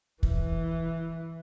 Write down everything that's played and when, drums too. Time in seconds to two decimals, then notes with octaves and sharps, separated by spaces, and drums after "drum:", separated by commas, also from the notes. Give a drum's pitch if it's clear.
0.23 E3, drum: kick